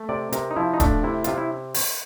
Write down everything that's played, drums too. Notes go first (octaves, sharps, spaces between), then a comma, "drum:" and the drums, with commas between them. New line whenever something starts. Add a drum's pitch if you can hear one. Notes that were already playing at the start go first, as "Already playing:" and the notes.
Already playing: A3
C3 D5
C3 A#4, drum: hi-hat
D#4
F3 E4
D#4
A3 D4, drum: kick D#1, hi-hat
C3 E4
C3 F4, drum: hi-hat
E4
drum: open hi-hat